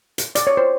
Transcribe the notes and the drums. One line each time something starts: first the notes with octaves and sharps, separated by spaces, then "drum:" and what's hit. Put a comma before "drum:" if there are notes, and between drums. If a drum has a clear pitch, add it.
drum: hi-hat
D5, drum: hi-hat
C#5
C5